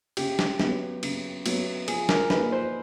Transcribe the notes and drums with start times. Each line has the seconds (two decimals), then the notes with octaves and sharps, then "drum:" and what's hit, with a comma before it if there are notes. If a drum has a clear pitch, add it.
0.17 C#3 G4, drum: cymbal
0.39 drum: snare
0.60 F#3 B3, drum: snare
1.03 C#3, drum: cymbal
1.46 F#3 B3, drum: cymbal
1.88 F3 G#4, drum: cymbal
2.09 A#4, drum: snare
2.30 A#3 D#4 G#4 B4, drum: snare
2.52 C5